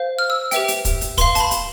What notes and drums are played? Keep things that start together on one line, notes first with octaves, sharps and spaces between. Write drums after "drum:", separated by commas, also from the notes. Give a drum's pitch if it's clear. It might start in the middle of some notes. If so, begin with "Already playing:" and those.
Already playing: C5 F5
F6
E6
G4 B4 E5 G5, drum: hi-hat
drum: hi-hat
drum: kick, hi-hat
drum: hi-hat
B4 F5 C6, drum: kick, hi-hat
A5, drum: hi-hat
B5
drum: hi-hat